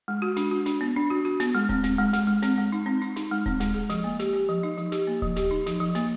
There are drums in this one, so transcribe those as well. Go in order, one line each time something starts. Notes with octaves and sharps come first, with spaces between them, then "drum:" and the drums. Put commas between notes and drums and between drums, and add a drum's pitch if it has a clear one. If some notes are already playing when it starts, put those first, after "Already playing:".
G#3
F#4
D4, drum: snare
F#4, drum: hi-hat
D4, drum: snare
B3
D4
F#4, drum: open hi-hat
F#4, drum: hi-hat
B3, drum: snare
G#3, drum: hi-hat
C4, drum: kick D#1, hi-hat
C4, drum: snare
G#3, drum: hi-hat
G#3, drum: snare
G#3, drum: hi-hat
C4, drum: snare
G#3, drum: hi-hat
D#4, drum: hi-hat
C4
D#4, drum: hi-hat
D#4, drum: snare
G#3, drum: hi-hat
C4, drum: kick D#1, hi-hat
G#3, drum: snare
G#4, drum: hi-hat
F3, drum: snare
A#3, drum: hi-hat
G4, drum: snare
G4, drum: hi-hat
F3, drum: hi-hat
D#4, drum: open hi-hat
F3, drum: hi-hat
G4, drum: snare
A#3, drum: hi-hat
F3, drum: kick D#1
G4, drum: snare
D#4, drum: hi-hat
F3, drum: snare
F3, drum: hi-hat
A#3, drum: snare